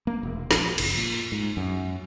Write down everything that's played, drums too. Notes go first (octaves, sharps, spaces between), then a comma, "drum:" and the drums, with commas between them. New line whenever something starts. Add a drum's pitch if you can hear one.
A#3
E1
A#1, drum: snare
F#1, drum: cymbal
A#2
G#2
F#2